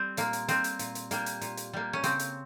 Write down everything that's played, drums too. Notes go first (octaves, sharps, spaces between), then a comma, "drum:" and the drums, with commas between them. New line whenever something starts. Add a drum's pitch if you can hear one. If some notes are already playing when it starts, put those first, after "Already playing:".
Already playing: G3 C4
A#2 A#3, drum: hi-hat
drum: hi-hat
G3 A#3 C4, drum: hi-hat
drum: hi-hat
A#2, drum: hi-hat
drum: hi-hat
G3 A#3, drum: hi-hat
drum: hi-hat
A#2, drum: hi-hat
drum: hi-hat
G3 A#3
C#4
C#3 C4, drum: hi-hat
drum: hi-hat